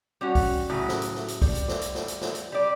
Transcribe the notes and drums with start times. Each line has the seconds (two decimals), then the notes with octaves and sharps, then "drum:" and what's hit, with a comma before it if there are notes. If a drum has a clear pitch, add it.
0.21 G3 C#4 F#4
0.35 drum: kick, open hi-hat
0.70 A2 C#3 F#3
0.88 drum: snare
1.02 drum: hi-hat
1.15 drum: snare
1.28 drum: hi-hat
1.42 G3, drum: kick, open hi-hat
1.55 drum: hi-hat
1.68 drum: snare
1.82 drum: hi-hat
1.95 drum: snare
2.08 drum: hi-hat
2.21 drum: snare
2.35 drum: hi-hat
2.52 G3 D5